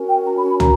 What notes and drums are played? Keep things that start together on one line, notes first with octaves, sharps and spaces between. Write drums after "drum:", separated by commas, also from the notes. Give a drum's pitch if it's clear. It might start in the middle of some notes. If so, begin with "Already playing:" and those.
Already playing: C#4 F#4 A#4
G5
A#5
B5
B5
A#5, drum: tom